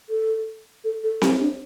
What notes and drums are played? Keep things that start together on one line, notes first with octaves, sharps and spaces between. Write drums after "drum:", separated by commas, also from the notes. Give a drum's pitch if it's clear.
A4
A4
A4
G4, drum: snare C4
D4